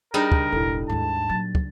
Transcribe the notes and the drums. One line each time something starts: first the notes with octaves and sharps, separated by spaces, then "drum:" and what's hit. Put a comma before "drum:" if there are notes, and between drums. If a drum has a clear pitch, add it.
G3 D4 D#4 G#4 A#4
drum: kick
E1 A1 E4 A4
D#2 G#2 A5
A#2 F#3 A6
drum: kick